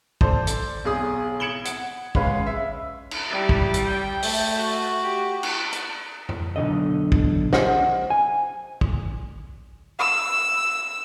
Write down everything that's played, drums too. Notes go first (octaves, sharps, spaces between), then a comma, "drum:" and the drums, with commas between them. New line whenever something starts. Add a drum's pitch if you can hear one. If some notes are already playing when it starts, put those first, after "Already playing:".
A4 C5 D5, drum: kick
drum: hi-hat
B1 G#4 D#6
G#6 C#7 D7 E7 F#7 G7
F#5, drum: hi-hat
G#3 C#4 B4 F5, drum: kick
E5
drum: cymbal
G3 E4
drum: kick
drum: hi-hat
G5
A3, drum: open hi-hat
F#4
G4
drum: cymbal
drum: hi-hat
drum: tom F2
B1 E2 D3 D#5
drum: kick
C5 D#5 F#5, drum: snare
G#5
drum: kick
E6